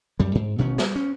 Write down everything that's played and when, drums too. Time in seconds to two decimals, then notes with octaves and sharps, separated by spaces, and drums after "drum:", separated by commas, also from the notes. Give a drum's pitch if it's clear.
0.20 F#2 G3
0.35 G#2
0.58 A1 B2 D#3 C#4
0.78 G3, drum: snare
0.96 C#4